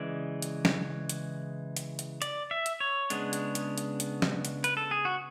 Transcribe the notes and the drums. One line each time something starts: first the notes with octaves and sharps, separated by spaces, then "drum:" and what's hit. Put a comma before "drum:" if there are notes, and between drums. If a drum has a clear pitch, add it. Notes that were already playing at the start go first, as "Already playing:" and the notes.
Already playing: C#3 E3 G#3 D5
drum: hi-hat
drum: snare
drum: hi-hat
drum: hi-hat
drum: hi-hat
D5, drum: hi-hat
E5
drum: hi-hat
C#5
C#3 G#3 B3 D4, drum: hi-hat
drum: hi-hat
drum: hi-hat
drum: hi-hat
drum: hi-hat
drum: snare
drum: hi-hat
B4, drum: hi-hat
A4
G#4
F#4